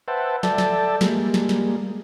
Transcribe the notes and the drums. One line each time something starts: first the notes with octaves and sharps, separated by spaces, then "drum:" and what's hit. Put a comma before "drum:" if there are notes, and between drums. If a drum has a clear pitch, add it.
B4 C5 E5 F#5 G5 A5
A4 D5 E5 G5 A5, drum: snare
drum: snare
G3 G#3 A#3, drum: snare
drum: snare
drum: snare